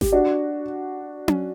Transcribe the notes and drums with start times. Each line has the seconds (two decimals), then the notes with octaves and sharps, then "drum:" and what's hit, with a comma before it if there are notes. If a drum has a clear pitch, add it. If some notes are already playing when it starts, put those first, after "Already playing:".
0.01 G4, drum: snare G#1
0.12 D4 F#4
1.28 drum: tom C#4